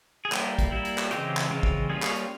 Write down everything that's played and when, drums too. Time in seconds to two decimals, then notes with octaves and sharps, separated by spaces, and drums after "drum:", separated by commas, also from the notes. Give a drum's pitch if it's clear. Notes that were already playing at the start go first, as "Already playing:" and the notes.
0.25 G#4
0.32 G3 A#3 E4 G4, drum: clap
0.59 drum: kick, hi-hat
0.71 G3 A#3 E4
0.85 drum: hi-hat
0.98 drum: clap
1.11 C#3 E3 G#3 C4 F4 G4, drum: hi-hat
1.37 drum: clap
1.50 C#3 E3 G#3 C4 F4
1.63 drum: kick
1.89 G3 A#3 C#4 F4 G#4
2.02 drum: clap
2.16 drum: hi-hat